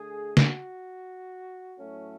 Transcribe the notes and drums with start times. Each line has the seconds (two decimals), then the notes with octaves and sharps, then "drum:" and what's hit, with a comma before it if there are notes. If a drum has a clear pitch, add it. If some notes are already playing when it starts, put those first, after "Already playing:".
Already playing: D3 A3 G#4
0.37 F#4, drum: snare
1.79 A2 F#3 A3 C#4